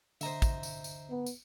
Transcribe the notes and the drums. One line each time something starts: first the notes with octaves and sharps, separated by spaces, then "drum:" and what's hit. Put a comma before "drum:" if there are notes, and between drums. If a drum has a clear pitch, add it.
D3 C5 D#5 E5 A#5, drum: tambourine
drum: kick, tambourine
drum: tambourine
drum: tambourine
B3
drum: tambourine